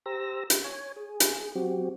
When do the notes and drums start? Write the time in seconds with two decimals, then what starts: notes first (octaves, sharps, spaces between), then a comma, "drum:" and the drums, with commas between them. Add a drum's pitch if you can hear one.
0.06 G4 C5 A#5 E6 A#6
0.50 drum: hi-hat
0.64 C#5 G#5
0.96 G#4
1.20 drum: hi-hat
1.55 F#3 C4 F#4 G4